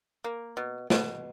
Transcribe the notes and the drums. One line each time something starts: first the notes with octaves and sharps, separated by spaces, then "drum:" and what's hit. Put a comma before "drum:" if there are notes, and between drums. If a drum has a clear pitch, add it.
A#3
B2
B2, drum: snare